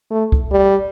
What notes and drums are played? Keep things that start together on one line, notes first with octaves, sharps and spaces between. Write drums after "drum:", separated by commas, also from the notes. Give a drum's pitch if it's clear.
A3
drum: kick
G3